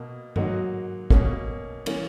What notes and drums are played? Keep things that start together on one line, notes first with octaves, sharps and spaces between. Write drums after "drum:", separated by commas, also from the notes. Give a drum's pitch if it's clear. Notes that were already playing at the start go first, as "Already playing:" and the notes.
Already playing: B2 A#3
G#2 F#3 A#3 D#4 F#4, drum: tom
B2 A#3 C#4, drum: kick
E3 A#3 C#4, drum: cymbal